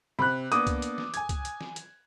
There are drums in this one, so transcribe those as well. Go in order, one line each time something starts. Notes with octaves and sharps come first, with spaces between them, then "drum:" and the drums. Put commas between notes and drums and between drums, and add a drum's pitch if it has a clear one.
C3 B5 F#6
A#3 B3 D4 D6 D#6, drum: hi-hat
drum: kick C#2, hi-hat
drum: hi-hat
drum: snare
G#5 G#6, drum: hi-hat
drum: kick C#2, hi-hat
drum: hi-hat
drum: snare
drum: hi-hat